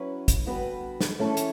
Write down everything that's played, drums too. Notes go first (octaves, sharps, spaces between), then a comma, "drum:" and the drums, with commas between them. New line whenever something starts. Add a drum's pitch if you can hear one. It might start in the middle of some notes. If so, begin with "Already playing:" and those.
Already playing: F#3 C#4 E4 B4
drum: kick, hi-hat
D3 G3 B3 F#4 B4
drum: snare
E3 A3 C#4 E4 A4
drum: hi-hat